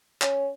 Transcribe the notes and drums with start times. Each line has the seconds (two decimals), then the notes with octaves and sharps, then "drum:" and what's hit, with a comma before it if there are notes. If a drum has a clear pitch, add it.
0.22 C#4, drum: clap